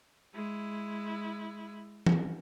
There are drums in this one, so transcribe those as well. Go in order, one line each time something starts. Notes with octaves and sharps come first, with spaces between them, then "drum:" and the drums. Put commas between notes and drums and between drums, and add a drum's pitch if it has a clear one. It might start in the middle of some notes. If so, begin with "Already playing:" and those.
G#3 E4
drum: tom E3